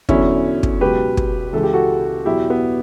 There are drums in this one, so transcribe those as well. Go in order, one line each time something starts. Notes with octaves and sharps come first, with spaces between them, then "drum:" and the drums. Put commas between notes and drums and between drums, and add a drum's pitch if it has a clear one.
E2 D3 F#3 C#4 E4, drum: kick
drum: kick
C#2 B2 F#3 G4 B4
drum: kick
C#2 C#3 E3 A4
G4
F#4 A4
E2 B2 F#3 E4 G4
B3